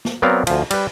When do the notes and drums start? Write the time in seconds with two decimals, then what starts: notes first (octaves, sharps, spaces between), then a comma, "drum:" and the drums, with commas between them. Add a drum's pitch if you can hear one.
0.05 drum: snare
0.22 F#3 B3 C4 A#4 D5 F5
0.47 D2 F3, drum: cymbal
0.71 G3 B4, drum: cymbal